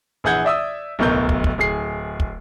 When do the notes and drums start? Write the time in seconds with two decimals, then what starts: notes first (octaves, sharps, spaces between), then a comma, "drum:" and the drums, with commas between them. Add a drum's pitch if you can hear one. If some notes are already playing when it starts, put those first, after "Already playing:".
0.24 A#1 E3 G#4 F#5 G6 G#6
0.44 D5 E5 D#6 E6
0.99 D1 B1 B2 A#4 G6
1.29 drum: kick
1.44 drum: kick
1.58 D1 G#4 C7
2.20 drum: kick